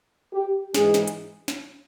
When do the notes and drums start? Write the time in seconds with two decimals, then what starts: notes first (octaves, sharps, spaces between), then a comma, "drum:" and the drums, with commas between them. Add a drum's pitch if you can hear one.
0.33 G4
0.74 G#2 E3 G#3 G#4, drum: snare
0.94 drum: snare
1.07 drum: hi-hat
1.48 drum: snare